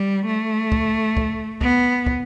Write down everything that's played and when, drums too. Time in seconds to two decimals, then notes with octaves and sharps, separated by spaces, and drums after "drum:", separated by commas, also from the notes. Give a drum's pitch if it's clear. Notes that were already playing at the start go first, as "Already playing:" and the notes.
Already playing: G3
0.26 A3
0.72 drum: kick
1.17 drum: kick
1.61 B3, drum: kick
2.06 drum: kick